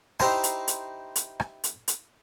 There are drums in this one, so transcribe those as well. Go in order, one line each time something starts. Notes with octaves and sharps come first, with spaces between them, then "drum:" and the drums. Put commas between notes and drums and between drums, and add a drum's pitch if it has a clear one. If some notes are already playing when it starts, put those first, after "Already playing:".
D#4 E4 G4 C5 A#5 C6, drum: rim click
drum: hi-hat
drum: hi-hat
drum: hi-hat
drum: rim click
drum: hi-hat
drum: hi-hat